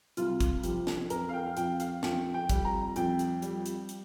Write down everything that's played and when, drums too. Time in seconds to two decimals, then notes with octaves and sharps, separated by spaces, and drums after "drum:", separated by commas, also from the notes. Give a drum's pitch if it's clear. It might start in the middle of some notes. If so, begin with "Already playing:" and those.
0.17 C2 F4, drum: hi-hat
0.40 drum: kick, hi-hat
0.64 F3 G4, drum: hi-hat
0.87 drum: snare
1.10 F2 A#4, drum: hi-hat
1.29 F5
1.33 G5
1.46 F5
1.57 F2 G5, drum: hi-hat
1.80 F5, drum: hi-hat
2.03 F2 G5, drum: snare
2.34 G5
2.49 G3, drum: kick, hi-hat
2.65 A#5
2.96 F2 G5, drum: hi-hat
3.19 drum: hi-hat
3.42 G3, drum: hi-hat
3.66 drum: hi-hat
3.89 drum: hi-hat